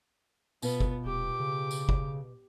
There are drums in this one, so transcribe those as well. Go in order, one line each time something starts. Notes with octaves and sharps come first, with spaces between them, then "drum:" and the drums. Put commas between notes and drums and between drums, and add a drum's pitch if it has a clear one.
B2 B3 F4 B4, drum: tambourine
drum: kick
D#1 G4 D6
C#3
drum: tambourine
drum: kick